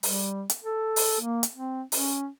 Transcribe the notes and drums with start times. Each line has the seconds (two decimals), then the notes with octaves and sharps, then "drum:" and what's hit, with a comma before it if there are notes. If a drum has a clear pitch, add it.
0.03 G3, drum: open hi-hat
0.50 drum: hi-hat
0.64 A4
0.96 drum: open hi-hat
1.20 A#3
1.43 drum: hi-hat
1.53 C4
1.92 C#4, drum: open hi-hat